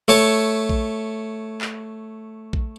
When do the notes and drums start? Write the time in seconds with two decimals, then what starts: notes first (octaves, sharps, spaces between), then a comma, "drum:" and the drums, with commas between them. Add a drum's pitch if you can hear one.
0.08 A3 C#5 A5
0.69 drum: kick A#1
1.61 drum: clap
2.53 drum: kick A#1